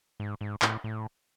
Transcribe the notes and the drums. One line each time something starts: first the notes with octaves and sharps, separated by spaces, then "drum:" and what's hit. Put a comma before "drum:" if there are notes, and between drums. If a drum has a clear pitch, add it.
G#2
G#2
A2, drum: clap
A2